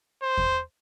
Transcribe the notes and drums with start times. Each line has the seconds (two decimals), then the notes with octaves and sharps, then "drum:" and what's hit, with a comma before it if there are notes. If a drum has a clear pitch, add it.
0.22 C5
0.37 drum: kick E2